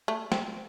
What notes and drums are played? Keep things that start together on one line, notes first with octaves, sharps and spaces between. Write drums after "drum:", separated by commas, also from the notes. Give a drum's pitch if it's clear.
A3
C4, drum: snare